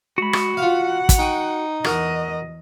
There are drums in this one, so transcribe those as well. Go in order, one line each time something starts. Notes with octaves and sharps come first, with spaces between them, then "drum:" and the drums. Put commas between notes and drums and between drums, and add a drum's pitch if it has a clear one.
G#3 F#4 B5
drum: rim click
F4 F5 F#5
drum: kick, hi-hat
D#4 G5 C#6 D#6
E2 F#4 A#4 D#5, drum: rim click